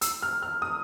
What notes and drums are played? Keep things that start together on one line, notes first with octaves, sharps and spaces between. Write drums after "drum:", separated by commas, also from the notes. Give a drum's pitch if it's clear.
E6, drum: hi-hat
F6
F6
D#6